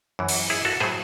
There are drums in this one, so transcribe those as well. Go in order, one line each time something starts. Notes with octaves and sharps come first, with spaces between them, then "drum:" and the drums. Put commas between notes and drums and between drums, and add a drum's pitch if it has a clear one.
F#2 E3
drum: open hi-hat
E4 G#4
F#4 A4
A2 F#3 G#4 C5